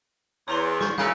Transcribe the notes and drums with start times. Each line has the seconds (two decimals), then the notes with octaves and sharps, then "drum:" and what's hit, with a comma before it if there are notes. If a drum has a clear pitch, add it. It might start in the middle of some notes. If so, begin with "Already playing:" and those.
0.48 E2 C#5 A#5 C6
0.81 C#6 G6 A6, drum: snare
0.98 F#2 C#3 F5 G#5 E6, drum: snare